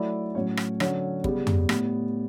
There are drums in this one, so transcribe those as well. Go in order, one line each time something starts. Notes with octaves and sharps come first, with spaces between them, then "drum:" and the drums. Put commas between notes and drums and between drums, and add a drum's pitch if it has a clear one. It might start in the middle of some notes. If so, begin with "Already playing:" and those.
Already playing: F#3 A3 E4 D5
A2 F#3 C#4 C#5
drum: rim click
D3 F#3 C#4, drum: rim click
C#3 G3 B3, drum: kick
drum: tom F2
A2 G3 B3, drum: rim click